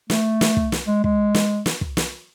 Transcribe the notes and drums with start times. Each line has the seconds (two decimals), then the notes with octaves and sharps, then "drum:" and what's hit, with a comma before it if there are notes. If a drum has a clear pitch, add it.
0.10 A3, drum: snare
0.41 drum: snare
0.57 drum: kick
0.72 drum: snare
0.87 G#3
1.04 G#3, drum: kick
1.35 drum: snare
1.66 drum: snare
1.81 drum: kick
1.97 drum: snare